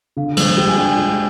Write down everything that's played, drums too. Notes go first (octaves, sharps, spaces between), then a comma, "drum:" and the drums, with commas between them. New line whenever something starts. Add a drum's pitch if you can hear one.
D3 F5
F3 G#3, drum: cymbal
G3 G5
G#5
D4 F4 G5
G#3